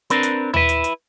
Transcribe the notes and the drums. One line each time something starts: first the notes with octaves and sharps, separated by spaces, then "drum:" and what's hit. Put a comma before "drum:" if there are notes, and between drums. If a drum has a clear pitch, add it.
C4 D4 A#4 B4, drum: hi-hat
drum: hi-hat
E4 B4, drum: tom D#2
drum: hi-hat
drum: hi-hat